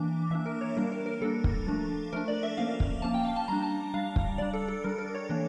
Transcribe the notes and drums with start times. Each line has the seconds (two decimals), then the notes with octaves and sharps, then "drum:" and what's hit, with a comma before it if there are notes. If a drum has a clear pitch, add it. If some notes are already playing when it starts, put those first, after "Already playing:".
Already playing: E3 A#3 D4 D6
0.30 E3 A#3 D4 E5
0.46 A#4
0.61 C#5
0.76 G3 A#3 D4 A#4
0.92 A#4
1.06 A#4
1.21 G3 A#3 D4 A4
1.44 drum: kick
1.66 F3 A3 D4
2.13 F3 A3 D4 A#4
2.28 D5
2.43 E5
2.57 F3 A#3 C#4 F5
2.80 drum: kick
3.02 F3 A#3 C#4 A5
3.14 G5
3.25 F5
3.36 A5
3.48 G3 D4 A#5
3.63 A5
3.94 G3 D4 F5
4.16 drum: kick
4.38 G3 D4 D5
4.53 A4
4.68 A4
4.84 G3 D4 A#4
4.98 A#4
5.15 C#5
5.29 E3 A#3 D4